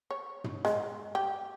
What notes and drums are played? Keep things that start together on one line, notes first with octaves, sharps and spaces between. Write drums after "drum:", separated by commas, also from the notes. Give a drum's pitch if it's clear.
C#5
drum: tom
G#3, drum: snare
G4